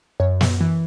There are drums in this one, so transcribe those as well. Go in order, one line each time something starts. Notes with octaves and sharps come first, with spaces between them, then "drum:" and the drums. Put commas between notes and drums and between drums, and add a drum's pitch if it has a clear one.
F#2 C#5
drum: snare
E3